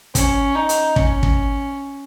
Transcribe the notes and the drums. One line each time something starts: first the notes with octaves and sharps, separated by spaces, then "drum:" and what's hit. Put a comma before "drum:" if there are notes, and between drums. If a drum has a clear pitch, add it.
C#4, drum: kick, hi-hat
D#4
drum: hi-hat
C#4, drum: kick
drum: kick